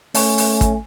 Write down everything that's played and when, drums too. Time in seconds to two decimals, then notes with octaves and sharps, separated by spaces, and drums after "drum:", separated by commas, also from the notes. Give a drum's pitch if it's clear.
0.14 A3 C#4, drum: open hi-hat
0.38 drum: open hi-hat
0.61 drum: kick, hi-hat